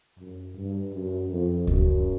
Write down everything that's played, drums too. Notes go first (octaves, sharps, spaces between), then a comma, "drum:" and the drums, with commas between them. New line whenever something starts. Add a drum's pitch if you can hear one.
F#2
G2
F#2
F2
F#2, drum: kick D2